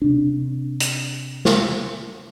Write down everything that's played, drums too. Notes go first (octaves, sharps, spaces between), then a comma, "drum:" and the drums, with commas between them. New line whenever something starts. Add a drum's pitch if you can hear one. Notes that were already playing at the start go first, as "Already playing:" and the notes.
C3 D4
drum: hi-hat
drum: snare